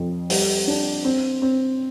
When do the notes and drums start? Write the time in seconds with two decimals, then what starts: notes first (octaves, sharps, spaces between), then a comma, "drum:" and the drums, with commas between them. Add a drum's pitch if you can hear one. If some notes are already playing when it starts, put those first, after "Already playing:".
Already playing: F2 F3
0.30 G3, drum: open hi-hat
0.67 D4
1.05 C4
1.42 C4